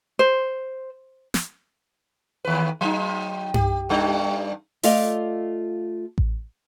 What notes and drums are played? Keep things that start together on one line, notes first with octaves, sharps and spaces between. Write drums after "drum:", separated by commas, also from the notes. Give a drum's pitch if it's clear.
C5
drum: snare
D#2 B4
F#3 D#4
G4, drum: tom G2
G2 G3 D4
A3 F4 A4 D5 D#5 F5, drum: open hi-hat
drum: kick A1